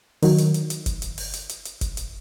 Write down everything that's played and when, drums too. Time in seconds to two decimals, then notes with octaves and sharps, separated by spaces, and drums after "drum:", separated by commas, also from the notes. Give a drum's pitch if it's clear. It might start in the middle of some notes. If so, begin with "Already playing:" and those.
0.22 D#3 F#3, drum: open hi-hat
0.38 drum: hi-hat
0.54 drum: hi-hat
0.70 drum: hi-hat
0.86 drum: kick, hi-hat
1.02 drum: hi-hat
1.18 drum: open hi-hat
1.34 drum: hi-hat
1.49 drum: hi-hat
1.65 drum: hi-hat
1.81 drum: kick, hi-hat
1.97 drum: hi-hat